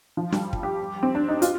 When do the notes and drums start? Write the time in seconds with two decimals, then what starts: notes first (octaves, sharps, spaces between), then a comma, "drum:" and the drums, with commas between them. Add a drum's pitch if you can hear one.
0.17 F3
0.32 G3, drum: snare
0.53 drum: kick
0.63 G4
1.03 C4
1.15 D4
1.28 D#4
1.42 F4, drum: hi-hat